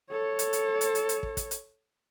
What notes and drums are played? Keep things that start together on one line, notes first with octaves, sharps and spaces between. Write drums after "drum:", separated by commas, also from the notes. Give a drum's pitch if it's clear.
A4 C#5
drum: hi-hat
drum: hi-hat
drum: hi-hat
drum: hi-hat
drum: hi-hat
drum: kick
drum: kick, hi-hat
drum: hi-hat